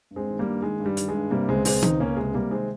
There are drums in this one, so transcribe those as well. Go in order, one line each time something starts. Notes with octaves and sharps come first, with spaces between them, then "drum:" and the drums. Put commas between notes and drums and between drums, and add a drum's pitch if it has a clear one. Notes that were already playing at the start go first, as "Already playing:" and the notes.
G2
G#3 C4
D#3
G3 A#3
G2
D#3 G#3
G2
G3
D#3, drum: hi-hat
G#3
G2
C3 G3 A#3
C#2 G#3 C4
C#2 G#3 C4, drum: open hi-hat
C#2 C4 D#4, drum: tom D#3
C#2 A#3 C#4
C3 G#3
C3 G3 A#3
D#3 G#3 C4